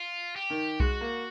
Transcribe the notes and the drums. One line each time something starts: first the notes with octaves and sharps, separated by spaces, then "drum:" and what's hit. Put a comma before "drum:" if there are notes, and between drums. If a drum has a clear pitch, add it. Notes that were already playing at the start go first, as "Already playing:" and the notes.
Already playing: F4
G4
D#3
G#3 F#4, drum: kick B1
A#3